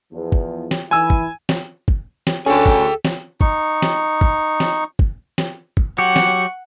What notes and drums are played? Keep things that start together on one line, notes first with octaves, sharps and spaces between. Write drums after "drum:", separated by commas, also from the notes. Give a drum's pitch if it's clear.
E2 F3
drum: kick
drum: snare
E3 E4 G#5 E6
drum: kick
drum: snare
drum: kick
drum: snare
D2 C#4 G#4 A4 G5 G#5
drum: kick
drum: snare
D#4 C#6, drum: kick
drum: snare
drum: kick
drum: snare
drum: kick
drum: snare
drum: kick
F#3 G4 F#5 C#6
drum: snare